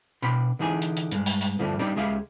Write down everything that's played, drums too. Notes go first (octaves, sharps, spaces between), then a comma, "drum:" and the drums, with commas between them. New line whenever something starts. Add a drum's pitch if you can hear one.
B2 D4 G5 B5 C6
D3 E3 D#4 G#4 G#5
drum: hi-hat
drum: hi-hat
G2 G#3, drum: hi-hat
drum: open hi-hat
drum: open hi-hat
G2 D3 F3 A3 D4
G3 D4 D#4 G4 D5
C#2 G#3 G4 G#4 E5 F5